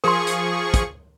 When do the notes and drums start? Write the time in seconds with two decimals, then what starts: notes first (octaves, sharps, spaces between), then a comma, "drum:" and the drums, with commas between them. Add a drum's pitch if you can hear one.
0.04 F3 G#4 A#4 C6 C#6
0.27 drum: hi-hat
0.74 drum: kick, hi-hat